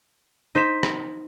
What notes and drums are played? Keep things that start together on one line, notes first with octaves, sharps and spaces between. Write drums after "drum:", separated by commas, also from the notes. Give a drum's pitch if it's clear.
D#4 C5 B6 E7
drum: rim click